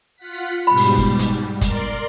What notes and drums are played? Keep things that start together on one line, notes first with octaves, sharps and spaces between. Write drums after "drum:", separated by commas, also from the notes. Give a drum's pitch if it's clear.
F4 F#5 B6
G#2 B2 G3 B5
drum: open hi-hat
drum: kick G1
drum: hi-hat
A#4 D5 C6, drum: kick G1, hi-hat